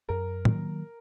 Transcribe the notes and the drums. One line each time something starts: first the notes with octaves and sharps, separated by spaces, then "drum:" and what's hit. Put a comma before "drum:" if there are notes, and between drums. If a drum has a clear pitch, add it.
F#2 A#4
D#3 F#3 A#3, drum: tom